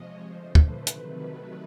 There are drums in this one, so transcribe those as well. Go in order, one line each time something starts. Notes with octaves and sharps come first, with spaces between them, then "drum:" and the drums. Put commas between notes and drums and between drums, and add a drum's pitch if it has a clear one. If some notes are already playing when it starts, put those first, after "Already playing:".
Already playing: C3 F3 G#3 C#5 D#5
D3 F3 A3 C5
B4, drum: kick
C3 D#3 F#3 A3, drum: hi-hat